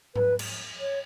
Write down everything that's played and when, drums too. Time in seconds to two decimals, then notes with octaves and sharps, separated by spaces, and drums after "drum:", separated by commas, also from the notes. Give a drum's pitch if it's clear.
0.16 B4, drum: tom G#2
0.39 drum: cymbal
0.80 C#5